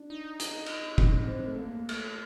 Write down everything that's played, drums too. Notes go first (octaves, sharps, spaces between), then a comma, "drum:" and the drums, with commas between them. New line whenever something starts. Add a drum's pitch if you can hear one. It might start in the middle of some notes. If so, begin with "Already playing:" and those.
Already playing: D4
D#4
drum: hi-hat
drum: cymbal
drum: kick
C4
A3
A#3
A3, drum: cymbal